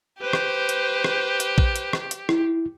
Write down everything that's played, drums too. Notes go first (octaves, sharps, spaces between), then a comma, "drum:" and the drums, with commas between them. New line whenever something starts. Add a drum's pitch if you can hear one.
G4 B4 C5
drum: rim click
drum: hi-hat
drum: rim click
drum: hi-hat
drum: kick
drum: hi-hat
drum: rim click
drum: hi-hat
E4, drum: rim click